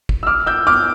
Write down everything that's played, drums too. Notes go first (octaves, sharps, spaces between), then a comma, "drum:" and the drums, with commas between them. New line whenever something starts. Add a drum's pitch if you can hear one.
drum: kick
E6
D6 F6
E6 G6
D6 F6